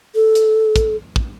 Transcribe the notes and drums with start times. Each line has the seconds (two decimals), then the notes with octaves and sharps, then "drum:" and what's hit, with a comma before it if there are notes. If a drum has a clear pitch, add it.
0.15 A4
0.35 drum: hi-hat
0.76 drum: kick, hi-hat
1.16 drum: kick